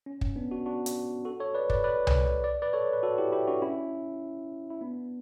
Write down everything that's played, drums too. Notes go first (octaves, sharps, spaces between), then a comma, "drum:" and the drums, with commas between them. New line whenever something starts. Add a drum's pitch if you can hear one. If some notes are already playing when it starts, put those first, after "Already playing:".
C#4
C#4, drum: kick
B3 D4
D4 F#4
D4 F#4
drum: hi-hat
F#4 A4
A4 C#5
B4 D5
B4 D5, drum: kick
B4 D5
drum: tom C2
D5
B4 D5
A4 C#5
B4
F#4 A4
E4 G4
E4 G4
D4 F#4
C#4 E4
E4
B3 D4